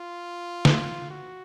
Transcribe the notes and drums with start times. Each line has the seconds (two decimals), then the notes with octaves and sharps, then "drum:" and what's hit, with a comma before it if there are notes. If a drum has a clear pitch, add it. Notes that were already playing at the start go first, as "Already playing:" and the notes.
Already playing: F4
0.65 drum: snare
1.10 F#4